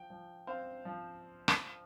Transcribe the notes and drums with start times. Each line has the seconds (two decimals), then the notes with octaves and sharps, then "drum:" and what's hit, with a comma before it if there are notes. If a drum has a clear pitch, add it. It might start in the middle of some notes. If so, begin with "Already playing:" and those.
Already playing: F3 G5
0.10 F3
0.47 C4 C5 F5
0.85 F3
1.48 drum: rim click